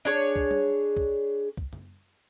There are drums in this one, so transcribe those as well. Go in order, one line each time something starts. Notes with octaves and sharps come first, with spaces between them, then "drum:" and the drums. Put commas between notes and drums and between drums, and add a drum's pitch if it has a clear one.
D4 G#4 C#5
drum: kick
drum: tom G3
drum: kick
drum: kick
drum: tom F#2